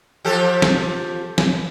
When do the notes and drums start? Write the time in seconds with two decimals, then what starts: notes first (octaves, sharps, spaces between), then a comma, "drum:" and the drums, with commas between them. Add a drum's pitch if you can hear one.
0.25 F3 G4 A4
0.62 drum: snare
1.38 drum: snare